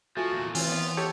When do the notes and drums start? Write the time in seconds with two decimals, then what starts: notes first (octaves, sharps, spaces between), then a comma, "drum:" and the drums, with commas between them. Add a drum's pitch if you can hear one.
0.17 F3 A3 F4 F#4 G#5 A6
0.31 E2 A#2
0.55 E3 C4 F4 G#5, drum: open hi-hat
0.68 B3
0.97 G4 A4 C#5